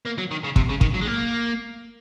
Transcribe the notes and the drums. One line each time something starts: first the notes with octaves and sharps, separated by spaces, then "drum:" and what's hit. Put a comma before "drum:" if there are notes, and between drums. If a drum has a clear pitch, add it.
A#3
F#3
D#3
C#3
C3, drum: kick
C#3
D#3, drum: kick
F#3
G#3
A#3